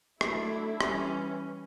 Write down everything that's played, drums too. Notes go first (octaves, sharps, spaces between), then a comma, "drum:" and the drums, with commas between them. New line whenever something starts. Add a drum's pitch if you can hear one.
F#3 A3 D4 E4, drum: rim click
E3 G3 C#4, drum: rim click